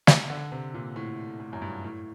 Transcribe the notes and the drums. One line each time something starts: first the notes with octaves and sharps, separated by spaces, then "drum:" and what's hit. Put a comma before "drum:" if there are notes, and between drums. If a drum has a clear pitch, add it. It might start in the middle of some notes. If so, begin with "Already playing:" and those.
D3, drum: snare
D3
C3
A#2
A2
A2
F#2
G2
A2